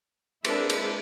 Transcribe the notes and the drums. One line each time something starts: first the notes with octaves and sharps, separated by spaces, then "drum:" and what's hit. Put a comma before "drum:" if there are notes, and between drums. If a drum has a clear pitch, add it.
G#3 C4 D4 E4 G#4 A#4 B4 E5, drum: cymbal
drum: cymbal